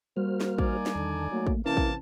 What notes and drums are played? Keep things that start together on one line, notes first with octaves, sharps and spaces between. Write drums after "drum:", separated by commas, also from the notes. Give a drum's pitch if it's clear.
G3 A#3 F#4 C5 F6
drum: snare
D#4 D5 G#5, drum: kick
drum: snare
E2 D3 D#3 A5
F#3 A3 A#3
drum: kick
C3 E3 A#3 C#4 E4 A#4 A5
drum: kick